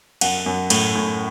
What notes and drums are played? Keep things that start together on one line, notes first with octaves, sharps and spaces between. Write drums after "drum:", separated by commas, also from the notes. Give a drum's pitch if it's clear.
F#2 F#5, drum: cymbal
F#2
A2, drum: cymbal
A2